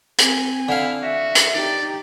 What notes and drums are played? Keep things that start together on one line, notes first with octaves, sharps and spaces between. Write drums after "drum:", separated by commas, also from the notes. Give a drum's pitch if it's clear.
C4 G#5, drum: hi-hat
D3 E4 F5
F#4 E5
drum: hi-hat
D#4 G4 D5